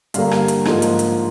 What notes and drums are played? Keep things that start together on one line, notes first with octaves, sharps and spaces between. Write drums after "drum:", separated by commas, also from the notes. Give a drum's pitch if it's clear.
G2 D3 G3 A#3 F5, drum: hi-hat
drum: rim click
drum: hi-hat
G#2 F3 A#3, drum: rim click
drum: hi-hat
drum: hi-hat